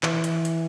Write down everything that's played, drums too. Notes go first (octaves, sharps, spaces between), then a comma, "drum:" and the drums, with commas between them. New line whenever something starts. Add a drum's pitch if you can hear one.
E3, drum: clap
drum: hi-hat
drum: hi-hat